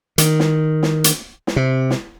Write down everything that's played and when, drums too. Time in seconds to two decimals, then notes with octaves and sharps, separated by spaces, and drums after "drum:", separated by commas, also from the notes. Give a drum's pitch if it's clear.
0.18 D#3, drum: hi-hat
0.40 drum: snare
0.83 drum: snare
1.04 drum: hi-hat
1.47 drum: snare
1.56 C3
1.90 drum: snare